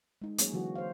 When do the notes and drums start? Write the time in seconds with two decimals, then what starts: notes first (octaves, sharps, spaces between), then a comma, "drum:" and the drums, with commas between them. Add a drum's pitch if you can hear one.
0.22 G#3 D#4
0.38 F#3 A#3 C#4 G#4 C#5, drum: hi-hat
0.53 D3 E3 F#3 F#4
0.75 C5 F5